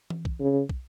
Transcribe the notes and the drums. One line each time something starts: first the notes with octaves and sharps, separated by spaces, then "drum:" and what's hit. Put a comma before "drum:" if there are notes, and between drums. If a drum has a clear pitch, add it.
drum: tom E3
drum: kick
C#3
drum: kick